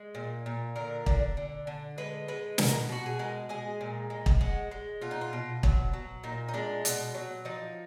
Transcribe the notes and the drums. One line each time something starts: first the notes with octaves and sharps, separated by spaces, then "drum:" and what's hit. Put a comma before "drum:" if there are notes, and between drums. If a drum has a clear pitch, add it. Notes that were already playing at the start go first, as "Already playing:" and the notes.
Already playing: G#3
A#2
A#2
D3 A#4
D3, drum: kick
D3
D3
G#3 B4
G#3 B4
B2 A#4, drum: snare
B2 F#4
G#4
G#3 A#4
G#3 G#4
A#2
G#3
drum: kick
G#3 F#4
G#3
B2 F4
D#4
F4
B2
F#3, drum: kick
F#3
A#2 D#4
D#4
G#3 D4
B2, drum: hi-hat
F#3
F3 D#4